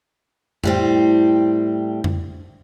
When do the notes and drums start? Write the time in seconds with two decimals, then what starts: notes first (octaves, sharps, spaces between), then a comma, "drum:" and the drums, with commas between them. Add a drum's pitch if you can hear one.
0.64 A2 G3 C4, drum: tom F2
2.04 drum: tom F2